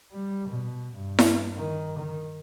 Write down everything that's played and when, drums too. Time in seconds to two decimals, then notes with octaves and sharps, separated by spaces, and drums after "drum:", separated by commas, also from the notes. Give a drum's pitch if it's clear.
0.12 G3
0.48 B2
0.94 G2
1.19 drum: snare E4
1.56 D#3
1.98 D#3